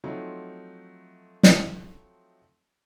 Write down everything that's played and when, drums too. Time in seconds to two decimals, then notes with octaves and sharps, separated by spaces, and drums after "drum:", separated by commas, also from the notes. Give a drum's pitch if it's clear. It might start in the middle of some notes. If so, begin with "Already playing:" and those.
0.04 F3 F#3 A3 C4 D#4
1.43 drum: snare